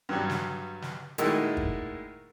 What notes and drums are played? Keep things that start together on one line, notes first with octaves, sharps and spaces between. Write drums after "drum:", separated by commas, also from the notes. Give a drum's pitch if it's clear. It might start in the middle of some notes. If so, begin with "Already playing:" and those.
G2 F#3 G3
drum: snare
drum: snare
A#2 D#3 G#3 A3 E4 F#4, drum: hi-hat
drum: kick